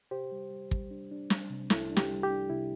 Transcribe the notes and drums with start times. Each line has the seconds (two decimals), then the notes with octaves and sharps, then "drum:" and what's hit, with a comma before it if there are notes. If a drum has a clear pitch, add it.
0.11 C3 G4 C5
0.32 G3
0.51 G3
0.71 G3, drum: kick
0.91 D4
1.12 D4
1.30 G3, drum: snare
1.50 C3
1.70 C2 E4 A4, drum: snare
1.91 D4
1.97 G4, drum: snare
2.10 G3
2.23 G4
2.30 D4
2.50 C3 E4